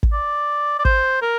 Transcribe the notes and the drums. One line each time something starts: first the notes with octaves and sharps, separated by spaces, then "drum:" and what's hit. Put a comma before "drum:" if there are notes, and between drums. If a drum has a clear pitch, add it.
drum: kick
D5
D5
C5, drum: kick
A#4